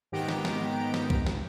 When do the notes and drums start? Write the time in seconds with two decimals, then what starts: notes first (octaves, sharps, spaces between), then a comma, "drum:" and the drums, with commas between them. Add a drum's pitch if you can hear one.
0.12 G#2 D#3 B3 G4 A#5 D7
0.28 drum: snare
0.45 drum: snare
0.94 drum: snare
1.10 drum: kick B1
1.26 drum: snare